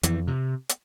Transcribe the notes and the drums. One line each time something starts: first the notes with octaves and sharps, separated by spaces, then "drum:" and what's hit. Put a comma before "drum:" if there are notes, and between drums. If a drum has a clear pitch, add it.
F2 E3, drum: hi-hat
C3
drum: hi-hat